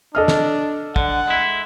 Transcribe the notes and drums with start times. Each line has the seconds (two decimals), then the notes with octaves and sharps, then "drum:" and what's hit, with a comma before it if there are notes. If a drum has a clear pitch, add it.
0.15 D4 A4 D#5 F6
0.28 drum: snare
0.96 D3 F#5, drum: kick
1.28 G#3 E4